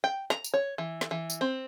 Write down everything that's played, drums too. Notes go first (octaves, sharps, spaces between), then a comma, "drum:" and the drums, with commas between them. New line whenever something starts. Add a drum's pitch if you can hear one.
G5
A#5, drum: snare
drum: tambourine
C#5
E3
drum: snare
E3
drum: tambourine
C4